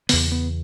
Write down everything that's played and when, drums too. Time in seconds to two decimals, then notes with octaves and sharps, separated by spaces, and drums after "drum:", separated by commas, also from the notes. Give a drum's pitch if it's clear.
0.09 E2 C#3 B3, drum: open hi-hat
0.32 B3